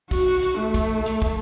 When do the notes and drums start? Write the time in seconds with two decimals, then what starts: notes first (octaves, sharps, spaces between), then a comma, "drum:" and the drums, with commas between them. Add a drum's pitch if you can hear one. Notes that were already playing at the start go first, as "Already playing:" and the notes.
0.11 F#4, drum: kick, open hi-hat
0.43 drum: hi-hat
0.59 A3
0.74 drum: kick, hi-hat
1.06 drum: hi-hat
1.22 drum: kick